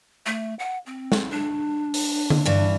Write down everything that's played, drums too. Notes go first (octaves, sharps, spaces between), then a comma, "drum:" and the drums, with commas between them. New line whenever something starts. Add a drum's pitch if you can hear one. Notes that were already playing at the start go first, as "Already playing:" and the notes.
A3
F#5
C4
drum: snare
D4
drum: open hi-hat
drum: tom D3
G2 E3